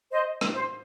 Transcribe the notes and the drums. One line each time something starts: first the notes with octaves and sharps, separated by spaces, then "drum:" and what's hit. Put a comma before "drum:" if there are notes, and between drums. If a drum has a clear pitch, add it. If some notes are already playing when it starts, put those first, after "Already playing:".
C5 D#5
drum: rim click
C5